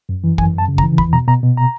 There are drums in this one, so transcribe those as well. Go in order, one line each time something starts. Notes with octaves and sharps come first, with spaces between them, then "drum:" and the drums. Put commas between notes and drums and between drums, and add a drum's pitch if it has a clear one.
F#2
E3
F#2 G#5, drum: kick
F#2 A5
C#3
A#5, drum: kick
E3
E2 B5, drum: kick
B2 A#5
B2 A#5
B2
A#5